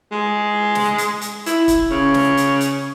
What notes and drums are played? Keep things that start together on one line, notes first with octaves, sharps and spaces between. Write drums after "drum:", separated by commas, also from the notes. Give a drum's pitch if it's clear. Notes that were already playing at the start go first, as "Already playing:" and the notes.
G#3
drum: snare
drum: hi-hat
drum: hi-hat
E4, drum: hi-hat
drum: kick, hi-hat
C#3
drum: snare
drum: hi-hat
drum: hi-hat